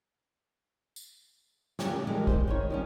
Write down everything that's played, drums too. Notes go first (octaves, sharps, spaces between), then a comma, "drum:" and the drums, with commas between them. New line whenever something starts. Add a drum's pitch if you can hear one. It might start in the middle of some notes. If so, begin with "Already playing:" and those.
drum: tambourine
F#2 C#3 E3 G3 G4 C#5, drum: snare
F#2 A2
E3 F3 G3 G#3 G4 A#4
C5, drum: kick
D#3 E4 C#5
F3 G3 C#4